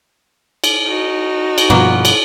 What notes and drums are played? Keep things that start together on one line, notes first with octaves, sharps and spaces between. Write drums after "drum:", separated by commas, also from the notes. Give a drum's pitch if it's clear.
drum: cymbal
D#4 F#4
drum: cymbal
G2 B2 F3 F#3 A#3 B3
drum: cymbal